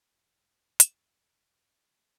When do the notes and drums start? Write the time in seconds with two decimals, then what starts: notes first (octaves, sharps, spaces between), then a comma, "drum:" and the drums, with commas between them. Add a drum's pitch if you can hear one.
0.12 E1 G#2
0.80 drum: hi-hat